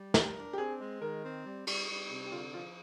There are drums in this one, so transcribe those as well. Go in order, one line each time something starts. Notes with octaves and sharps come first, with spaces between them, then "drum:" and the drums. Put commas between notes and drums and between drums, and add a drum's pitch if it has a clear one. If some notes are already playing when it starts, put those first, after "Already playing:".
Already playing: G3
G4 A#4, drum: snare
D4
G4
C4 G#4
G#3
D#3 A#4
C4
G3
G3, drum: cymbal
G3
C3
G4
D3 F4
F3 F4